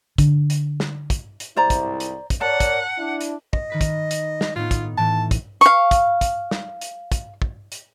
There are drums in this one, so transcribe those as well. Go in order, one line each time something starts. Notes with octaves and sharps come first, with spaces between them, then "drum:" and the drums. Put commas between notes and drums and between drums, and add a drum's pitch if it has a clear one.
D3, drum: kick, hi-hat
drum: hi-hat
drum: snare
drum: kick, hi-hat
drum: hi-hat
C2 G#2 E4 C5 D5 A#5
drum: kick, hi-hat
drum: hi-hat
drum: kick, hi-hat
A#4 C#5 D5 F#5 A5
drum: kick, hi-hat
D4 E4
drum: hi-hat
D#5, drum: kick
D#3 B4 B6
drum: kick, hi-hat
drum: hi-hat
drum: snare
A2 B3 D#4 F4
drum: kick, hi-hat
A2 E3 A5
drum: kick, hi-hat
F5 C#6, drum: hi-hat
drum: kick, hi-hat
drum: kick, hi-hat
drum: snare
drum: hi-hat
drum: kick, hi-hat
drum: kick
drum: hi-hat